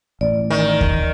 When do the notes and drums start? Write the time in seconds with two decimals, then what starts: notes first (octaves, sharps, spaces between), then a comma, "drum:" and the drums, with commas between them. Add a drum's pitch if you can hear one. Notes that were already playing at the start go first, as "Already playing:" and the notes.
0.21 A1 D5
0.50 D#3
0.81 drum: kick D#2